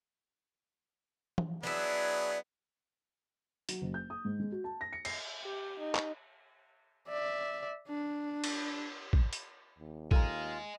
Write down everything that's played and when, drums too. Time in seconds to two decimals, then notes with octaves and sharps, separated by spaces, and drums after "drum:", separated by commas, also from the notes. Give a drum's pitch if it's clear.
1.38 drum: tom E3
1.63 F#3 B3 D4 E4 G#4
3.69 F#3, drum: hi-hat
3.82 F#1
3.94 G6
4.10 D#6
4.25 G#2
4.40 G#3
4.52 F#4
4.64 A5
4.81 A#6
4.93 C#7
5.05 C7, drum: cymbal
5.42 G4
5.80 D#4
5.95 drum: clap
7.09 D5 E5
7.88 D4
8.44 drum: cymbal
9.13 drum: kick A1
9.33 drum: hi-hat
9.79 D#2
10.11 F4 A4 D#5 G#5 A#5, drum: kick A1